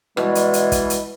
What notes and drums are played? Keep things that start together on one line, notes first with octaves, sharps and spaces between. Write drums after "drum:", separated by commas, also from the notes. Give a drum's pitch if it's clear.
B2 E3 G3 G#3, drum: rim click
drum: hi-hat
drum: hi-hat
drum: kick, hi-hat
drum: hi-hat